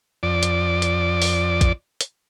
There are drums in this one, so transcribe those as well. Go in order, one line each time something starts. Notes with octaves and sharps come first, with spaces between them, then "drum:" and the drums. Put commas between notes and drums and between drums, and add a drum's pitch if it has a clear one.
F2 D5
drum: hi-hat
drum: hi-hat
drum: open hi-hat
drum: kick, hi-hat
drum: hi-hat